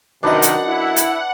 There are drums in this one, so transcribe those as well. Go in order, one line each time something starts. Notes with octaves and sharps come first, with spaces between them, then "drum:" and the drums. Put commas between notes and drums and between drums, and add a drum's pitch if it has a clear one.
F#2 C3 D#3 D4 B4 D#5 F#5
drum: hi-hat
E4
drum: hi-hat